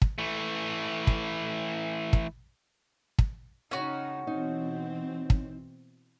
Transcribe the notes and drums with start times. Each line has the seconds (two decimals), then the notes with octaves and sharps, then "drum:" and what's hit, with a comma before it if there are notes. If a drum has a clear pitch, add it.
0.02 drum: kick
0.18 E3 A3
1.07 drum: kick
2.13 drum: kick
3.19 drum: kick
3.71 C#3 C#4 D#4 F#4 G5
4.27 B2 E3 C4 D#4
5.30 drum: kick